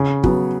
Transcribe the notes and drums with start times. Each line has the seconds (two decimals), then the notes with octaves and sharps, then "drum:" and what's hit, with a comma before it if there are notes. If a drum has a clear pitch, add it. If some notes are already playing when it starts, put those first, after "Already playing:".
Already playing: C#3
0.24 F#3 B3, drum: kick